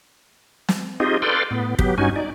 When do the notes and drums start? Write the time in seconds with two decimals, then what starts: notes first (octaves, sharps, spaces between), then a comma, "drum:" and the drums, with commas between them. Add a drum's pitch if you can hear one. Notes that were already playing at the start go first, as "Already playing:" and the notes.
0.69 drum: snare
1.00 C4 D#4 F4 G4 G#4 D#5
1.22 A4 B4 D5 F5 G5 C6
1.51 A2 B3
1.79 F#3 B3 G4, drum: kick
1.98 G2 C#4 D#4 F#4 G#5
2.16 D#4 D5